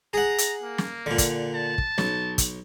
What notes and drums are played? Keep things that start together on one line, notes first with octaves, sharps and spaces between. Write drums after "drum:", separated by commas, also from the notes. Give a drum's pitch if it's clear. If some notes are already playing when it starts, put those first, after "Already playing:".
G#4 F#5 A#5
drum: hi-hat
A#3
drum: snare
A#2 D3
drum: kick, hi-hat
A5
drum: kick
B1, drum: snare
drum: kick, hi-hat